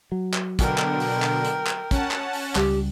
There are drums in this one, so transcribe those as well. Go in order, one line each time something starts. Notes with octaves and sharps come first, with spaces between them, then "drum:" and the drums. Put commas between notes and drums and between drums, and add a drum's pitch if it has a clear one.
F#3
drum: clap
B2 D3 A#4 G5, drum: kick, hi-hat
drum: clap
drum: open hi-hat
drum: clap
drum: hi-hat
drum: clap
C#4 F#5 A5, drum: kick, hi-hat
drum: clap
drum: open hi-hat
C#2 G3 G4, drum: clap